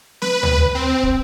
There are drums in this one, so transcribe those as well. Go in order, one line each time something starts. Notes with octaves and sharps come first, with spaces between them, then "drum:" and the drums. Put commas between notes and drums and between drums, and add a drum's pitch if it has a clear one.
B4, drum: snare
drum: tom D2
C4
drum: kick